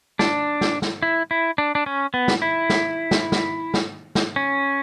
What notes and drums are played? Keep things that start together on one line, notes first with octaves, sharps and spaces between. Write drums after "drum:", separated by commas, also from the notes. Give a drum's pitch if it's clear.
D4, drum: snare
drum: snare
drum: snare
E4
E4
D4
D4
C#4
B3
drum: snare
E4
drum: snare
drum: snare
drum: snare
drum: snare
drum: snare
C#4